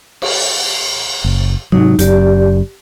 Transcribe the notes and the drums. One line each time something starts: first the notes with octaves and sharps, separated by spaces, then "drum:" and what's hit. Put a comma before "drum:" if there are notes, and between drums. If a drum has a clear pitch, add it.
drum: cymbal
F#1
G#2 C3 F#3 D#4
F#1 F#2 G4 D5, drum: hi-hat